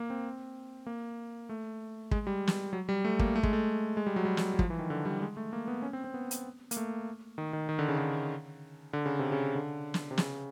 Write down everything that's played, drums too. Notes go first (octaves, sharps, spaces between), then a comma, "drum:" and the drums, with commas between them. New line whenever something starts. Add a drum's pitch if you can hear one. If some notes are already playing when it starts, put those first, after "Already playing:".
Already playing: A#3
C4
A#3
A3
G#3, drum: kick
G3
drum: snare
F#3
G3
A3
A#3, drum: kick
A3
G#3, drum: kick
A3
G#3
G3
F#3
G3
drum: snare
F#3
F3, drum: kick
E3
D#3
D3
G3
G#3
A3
A#3
B3
C#4
C4
C4
B3
drum: hi-hat
A#3, drum: hi-hat
A3
D#3
D#3
D#3
D3
C#3
D3
D3
C#3
C3
C#3
D3
drum: snare
C3
C#3, drum: snare